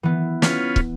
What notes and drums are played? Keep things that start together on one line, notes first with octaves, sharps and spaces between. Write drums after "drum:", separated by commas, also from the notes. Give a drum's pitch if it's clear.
E3 B3
C#4 F4 B4, drum: snare
drum: kick